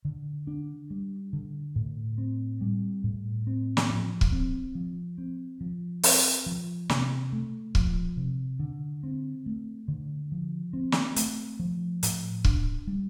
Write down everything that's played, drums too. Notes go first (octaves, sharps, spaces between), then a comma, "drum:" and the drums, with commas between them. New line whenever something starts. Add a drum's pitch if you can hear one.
D3
D4
G3
D3
A2
C4
G3
A2
C4
drum: snare
F3
drum: kick
C4
F3
C4
F3
C4, drum: open hi-hat
F3
C3, drum: snare
A3
F3, drum: kick
C3
D3
C4
A3
D3
F3
C4
drum: snare
A3, drum: hi-hat
F3
A2, drum: hi-hat
D4, drum: kick
G3